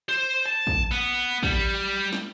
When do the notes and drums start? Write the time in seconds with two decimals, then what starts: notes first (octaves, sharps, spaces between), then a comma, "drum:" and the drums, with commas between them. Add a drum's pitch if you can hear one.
0.09 C5
0.46 A5
0.67 drum: kick
0.91 B3
1.43 G3, drum: kick
2.13 drum: snare